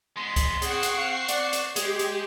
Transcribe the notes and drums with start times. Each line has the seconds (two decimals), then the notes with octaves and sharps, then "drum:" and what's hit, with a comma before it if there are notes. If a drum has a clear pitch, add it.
0.17 G#3 B3 C6
0.36 drum: kick C#2, hi-hat
0.62 G#4 C5 F#5 G5 C#6 C7, drum: hi-hat
0.83 drum: hi-hat
0.98 F5
1.29 D5, drum: hi-hat
1.53 drum: hi-hat
1.76 G#3 G4 G#4, drum: hi-hat
1.99 drum: hi-hat